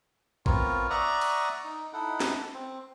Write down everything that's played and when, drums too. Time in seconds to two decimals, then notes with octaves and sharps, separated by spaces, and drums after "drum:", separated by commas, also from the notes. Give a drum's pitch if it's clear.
0.46 B3 C4 F4 A#4 C#5, drum: kick A1
0.90 D5 E5 F#5 A#5 C#6 D#6
1.21 drum: cymbal
1.64 D#4
1.93 D#4 E4 A4 F#5
2.20 drum: snare
2.54 C4